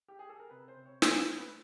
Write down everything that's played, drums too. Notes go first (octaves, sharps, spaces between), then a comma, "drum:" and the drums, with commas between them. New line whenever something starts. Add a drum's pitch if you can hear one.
G4
G#4
A4
A#4
C3 B4
C5
C3
C#5
A3 C5, drum: snare
B4
C5
A3
B4